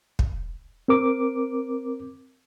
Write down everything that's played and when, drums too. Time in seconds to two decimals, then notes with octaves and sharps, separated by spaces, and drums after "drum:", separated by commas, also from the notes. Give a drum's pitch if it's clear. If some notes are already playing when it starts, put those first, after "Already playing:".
0.19 drum: kick
0.88 C4 A#4 D6